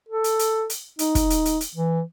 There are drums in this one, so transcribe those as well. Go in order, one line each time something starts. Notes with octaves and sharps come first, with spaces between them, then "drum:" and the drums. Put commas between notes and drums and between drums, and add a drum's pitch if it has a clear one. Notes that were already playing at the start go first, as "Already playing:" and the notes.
A4
drum: hi-hat
drum: hi-hat
drum: hi-hat
D#4, drum: hi-hat
drum: kick, hi-hat
drum: hi-hat
drum: hi-hat
drum: hi-hat
E3